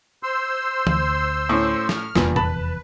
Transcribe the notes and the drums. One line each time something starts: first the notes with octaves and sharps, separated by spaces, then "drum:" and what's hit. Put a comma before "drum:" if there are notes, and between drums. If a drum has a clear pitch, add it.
C5 C6 E6
D2, drum: tom E3
A2 C#4
F6, drum: snare
F1 E2 G2 A#2 F3, drum: snare
B4 A5 B5, drum: tom A#2